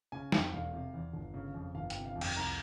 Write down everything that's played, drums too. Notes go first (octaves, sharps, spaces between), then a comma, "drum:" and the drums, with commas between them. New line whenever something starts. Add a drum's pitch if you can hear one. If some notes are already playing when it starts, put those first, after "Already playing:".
C#3 G#5
F2 G5, drum: snare
E1 F5
C3
E2
G1
C#3
F2
G1 F5
G5, drum: hi-hat
C3
F5
F2
G5, drum: cymbal
C2 A#5